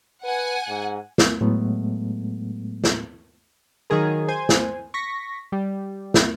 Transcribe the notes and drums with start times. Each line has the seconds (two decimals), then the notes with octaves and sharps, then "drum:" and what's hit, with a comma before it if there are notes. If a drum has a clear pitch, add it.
0.24 B4 F#5 G#5
0.69 G#2
1.18 drum: snare
1.41 A2 F#3 G#3 A3 B3
2.84 drum: snare
3.90 D#3 F#3 G#4 A#4
4.28 C5 G#5
4.49 drum: snare
4.94 C#6 A#6 B6
5.52 G3
6.14 drum: snare